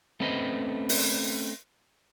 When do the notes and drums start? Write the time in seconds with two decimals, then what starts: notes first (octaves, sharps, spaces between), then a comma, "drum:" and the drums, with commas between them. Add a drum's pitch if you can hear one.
0.20 A3 C4 C#4 B4 C5 D#5
0.89 drum: open hi-hat